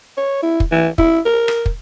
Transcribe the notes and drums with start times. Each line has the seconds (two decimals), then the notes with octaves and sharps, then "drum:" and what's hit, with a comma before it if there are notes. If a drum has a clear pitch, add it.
0.17 C#5
0.43 E4
0.60 drum: kick
0.71 E3
0.98 E4, drum: kick
1.25 A#4
1.48 drum: rim click
1.66 drum: kick